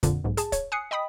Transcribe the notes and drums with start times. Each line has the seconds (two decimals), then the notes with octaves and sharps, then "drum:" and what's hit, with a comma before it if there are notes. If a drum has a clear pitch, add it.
0.03 F2 A#2 D3, drum: kick, hi-hat
0.24 B1 G#2
0.37 G#4 A5, drum: hi-hat
0.52 C#5, drum: kick, hi-hat
0.72 G#5 D#6 F#6 C7 C#7
0.91 D#5 G5 B5 D#6 B6